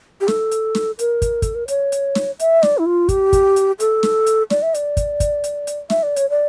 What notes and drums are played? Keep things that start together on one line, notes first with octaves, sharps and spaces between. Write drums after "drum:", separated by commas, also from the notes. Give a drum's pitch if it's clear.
G4
A4, drum: snare
drum: hi-hat
drum: snare
A#4, drum: hi-hat
drum: kick, hi-hat
A4, drum: kick, hi-hat
A#4
C#5, drum: hi-hat
drum: hi-hat
drum: snare
E5, drum: hi-hat
D5, drum: snare
E4
F4
G4, drum: kick, hi-hat
drum: kick, hi-hat
drum: hi-hat
A4, drum: hi-hat
drum: snare
drum: hi-hat
D5, drum: snare
E5
D5, drum: hi-hat
drum: kick, hi-hat
drum: kick, hi-hat
drum: hi-hat
drum: hi-hat
E5, drum: snare
D5
C#5, drum: hi-hat
D5